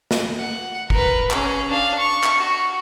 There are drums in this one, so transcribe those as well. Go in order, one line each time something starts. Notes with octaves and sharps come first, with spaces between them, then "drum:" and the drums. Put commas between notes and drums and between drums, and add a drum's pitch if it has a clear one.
drum: snare
F#5
A#4 B4, drum: kick
C#4 G#4, drum: clap
D4 F5
C#6
drum: clap
F#4